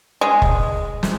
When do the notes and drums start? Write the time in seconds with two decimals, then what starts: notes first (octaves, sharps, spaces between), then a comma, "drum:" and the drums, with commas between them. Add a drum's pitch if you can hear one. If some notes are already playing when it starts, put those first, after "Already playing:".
0.21 G#3
0.42 drum: kick F1
1.03 drum: snare